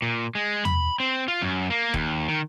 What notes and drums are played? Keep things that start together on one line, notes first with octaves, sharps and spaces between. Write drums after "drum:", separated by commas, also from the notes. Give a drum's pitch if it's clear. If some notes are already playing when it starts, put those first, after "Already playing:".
A#2
G#3
B5, drum: tom
C4
F4
F#2
A#3
D#2, drum: kick E1
D#3